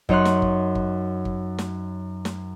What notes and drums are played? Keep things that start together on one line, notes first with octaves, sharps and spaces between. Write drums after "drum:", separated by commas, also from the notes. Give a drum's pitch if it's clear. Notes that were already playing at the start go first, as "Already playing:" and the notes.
F#2 D#4 C#5 C6 F#6, drum: kick G1
drum: snare
drum: kick G1
drum: kick G1
drum: kick G1
drum: snare
drum: snare